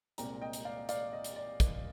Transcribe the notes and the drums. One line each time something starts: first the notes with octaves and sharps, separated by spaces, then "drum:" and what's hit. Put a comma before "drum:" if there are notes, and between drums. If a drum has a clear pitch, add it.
C2 A#2 G#3 C4 G5 A#5, drum: hi-hat
D#5 G5
drum: hi-hat
D5 F5
D5 F5, drum: hi-hat
D#5
drum: hi-hat
D5
drum: kick, hi-hat